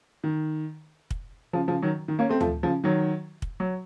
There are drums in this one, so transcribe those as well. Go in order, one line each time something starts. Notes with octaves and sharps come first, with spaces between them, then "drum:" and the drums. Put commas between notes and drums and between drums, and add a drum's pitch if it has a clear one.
D#3
drum: kick
C#3 F3
C#3 F3
D#3 F#3
D#3
A#3 C#4
A3 C4
F3 A3, drum: tom
C#3 F3
D#3 F#3
drum: kick
F#3